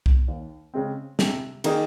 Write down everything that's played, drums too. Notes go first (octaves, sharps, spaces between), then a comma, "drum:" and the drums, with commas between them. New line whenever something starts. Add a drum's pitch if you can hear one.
drum: kick B1
D#2
C#3 G#3 C4
C3, drum: snare
D#3 A#3 D#4 G#4, drum: cymbal